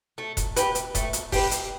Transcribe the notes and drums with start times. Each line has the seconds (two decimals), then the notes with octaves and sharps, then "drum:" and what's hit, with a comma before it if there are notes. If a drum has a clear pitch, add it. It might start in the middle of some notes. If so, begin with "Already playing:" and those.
0.18 A3
0.37 drum: kick E1, hi-hat
0.56 G4 B4, drum: hi-hat
0.75 drum: hi-hat
0.95 A3, drum: kick E1, hi-hat
1.13 drum: hi-hat
1.32 G4 B4, drum: kick E1, open hi-hat
1.51 drum: hi-hat